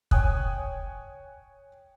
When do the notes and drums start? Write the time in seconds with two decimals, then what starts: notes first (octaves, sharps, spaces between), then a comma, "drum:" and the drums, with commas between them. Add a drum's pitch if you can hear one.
0.11 C#5 G5 G#5 D#6 F#6, drum: kick